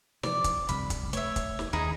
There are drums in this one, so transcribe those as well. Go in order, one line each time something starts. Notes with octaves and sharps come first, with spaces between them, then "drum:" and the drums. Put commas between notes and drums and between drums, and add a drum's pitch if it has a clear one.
C3 F3 D5, drum: snare
drum: kick, hi-hat
F1 C2 B5, drum: hi-hat
drum: kick, hi-hat
A3 C#5 E5, drum: hi-hat
drum: kick, hi-hat
drum: snare
D#2 D#4 E4 G#4